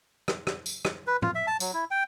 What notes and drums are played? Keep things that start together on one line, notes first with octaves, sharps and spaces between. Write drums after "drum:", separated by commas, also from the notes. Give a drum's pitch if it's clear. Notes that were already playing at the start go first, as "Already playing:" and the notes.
drum: rim click
drum: rim click
drum: tambourine
drum: rim click
B4
F4, drum: tom A2
E5
A5
F#3, drum: tambourine
E4
G5